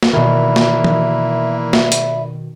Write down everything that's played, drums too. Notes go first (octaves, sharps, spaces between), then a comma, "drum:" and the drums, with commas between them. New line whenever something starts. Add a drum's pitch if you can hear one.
drum: snare
B2 D#3 E3 A#3 D5 E5 B5
drum: snare
drum: tom E3
E5, drum: snare
drum: hi-hat